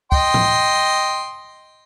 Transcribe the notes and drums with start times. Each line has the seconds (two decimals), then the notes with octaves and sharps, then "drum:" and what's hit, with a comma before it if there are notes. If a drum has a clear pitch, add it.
0.12 D#5 G5 C6, drum: kick
0.34 drum: tom A2